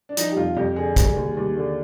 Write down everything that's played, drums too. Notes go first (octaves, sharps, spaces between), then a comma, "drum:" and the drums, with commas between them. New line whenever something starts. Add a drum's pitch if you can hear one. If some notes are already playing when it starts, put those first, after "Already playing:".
D4
F3 D#4, drum: hi-hat
G4
F2 F4
F2 G4
D3 G#4
G3, drum: kick, hi-hat
D#2
D#2
D3